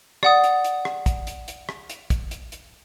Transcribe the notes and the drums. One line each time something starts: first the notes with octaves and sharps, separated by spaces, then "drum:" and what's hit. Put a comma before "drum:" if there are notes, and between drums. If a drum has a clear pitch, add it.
D5 F#5 D#6, drum: rim click
drum: hi-hat
drum: hi-hat
drum: rim click
drum: kick, hi-hat
drum: hi-hat
drum: hi-hat
drum: rim click
drum: hi-hat
drum: kick, hi-hat
drum: hi-hat
drum: hi-hat